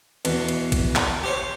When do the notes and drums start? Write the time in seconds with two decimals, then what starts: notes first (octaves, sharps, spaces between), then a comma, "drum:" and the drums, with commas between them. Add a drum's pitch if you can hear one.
0.25 E2 B2, drum: cymbal
0.48 drum: cymbal
0.72 drum: kick A1, cymbal
0.96 drum: clap
1.24 G4 C5 C#5